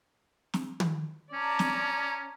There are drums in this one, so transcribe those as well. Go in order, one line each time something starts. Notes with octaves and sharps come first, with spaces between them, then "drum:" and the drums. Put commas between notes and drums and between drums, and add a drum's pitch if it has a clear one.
drum: snare
drum: tom
C#4 D5 A5 A#5
drum: snare